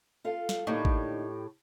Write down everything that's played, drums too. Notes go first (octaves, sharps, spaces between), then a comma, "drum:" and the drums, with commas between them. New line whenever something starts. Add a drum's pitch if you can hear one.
F4 A4 F5
drum: snare
A2 D3 A#3 D#4 G4
drum: kick G#1